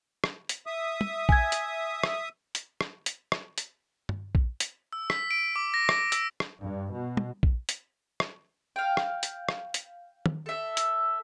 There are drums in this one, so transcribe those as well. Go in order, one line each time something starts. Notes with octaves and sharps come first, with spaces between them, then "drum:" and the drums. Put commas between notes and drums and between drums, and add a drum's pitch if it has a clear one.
drum: rim click
drum: hi-hat
E5 D#6
drum: tom
G#5 G#6, drum: kick A#1
drum: hi-hat
drum: rim click
drum: hi-hat
drum: rim click
drum: hi-hat
drum: rim click
drum: hi-hat
drum: tom G2
drum: kick A#1
drum: hi-hat
E6
B6, drum: rim click
D7
D6
A#6
D6, drum: rim click
E6, drum: hi-hat
drum: rim click
G2
B2
drum: tom
drum: kick A#1
drum: hi-hat
drum: rim click
F5 G5
drum: rim click
drum: hi-hat
drum: rim click
drum: hi-hat
drum: tom
A4 E5
drum: hi-hat